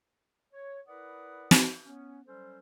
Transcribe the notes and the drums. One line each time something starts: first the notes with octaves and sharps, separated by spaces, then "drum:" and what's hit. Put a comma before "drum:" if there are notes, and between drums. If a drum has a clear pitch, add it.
C#5
E4 A#4 B4 D5 F#5 D#6
drum: snare
B3 C#4
F#3 G3 C#4 A4 C5